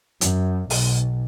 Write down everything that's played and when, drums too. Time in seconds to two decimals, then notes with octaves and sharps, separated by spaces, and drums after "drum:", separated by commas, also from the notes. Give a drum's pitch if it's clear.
0.21 F#2, drum: hi-hat
0.70 B1, drum: open hi-hat